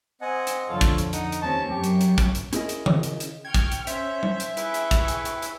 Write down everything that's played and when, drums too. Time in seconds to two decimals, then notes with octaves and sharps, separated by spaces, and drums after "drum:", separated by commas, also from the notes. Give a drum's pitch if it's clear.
0.21 C4 D#5 F#5 G#5
0.47 drum: hi-hat
0.69 F2 D3 F4 A4 C#5 F5
0.81 drum: kick, hi-hat
0.98 drum: hi-hat
1.13 D#4 F#5 D#6, drum: hi-hat
1.32 drum: hi-hat
1.42 D#2 C4 C#4 A5 C#6
1.70 F#2 G4
1.84 drum: hi-hat
2.01 drum: hi-hat
2.18 drum: kick, hi-hat
2.35 drum: hi-hat
2.53 C#4 E4 G#4 A#4 D#5, drum: hi-hat
2.69 drum: hi-hat
2.86 drum: tom D#3
3.03 drum: hi-hat
3.20 drum: hi-hat
3.45 G5 C#6 F6 G#6
3.54 drum: kick, hi-hat
3.72 drum: hi-hat
3.87 C#4 C5 C#5 E5, drum: hi-hat
4.23 drum: tom G3
4.40 drum: hi-hat
4.57 E4 G#4 B4 G5 C#6, drum: hi-hat
4.74 drum: hi-hat
4.91 drum: kick, hi-hat
5.08 drum: hi-hat
5.25 drum: hi-hat
5.42 drum: hi-hat